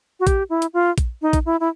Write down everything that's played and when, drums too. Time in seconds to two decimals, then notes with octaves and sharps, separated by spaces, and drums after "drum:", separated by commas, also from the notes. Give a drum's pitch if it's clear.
0.20 F#4
0.27 G4, drum: kick A#1, hi-hat
0.50 E4
0.62 drum: hi-hat
0.74 F4
0.98 drum: kick A#1, hi-hat
1.22 D#4
1.33 drum: kick A#1, hi-hat
1.46 E4
1.60 E4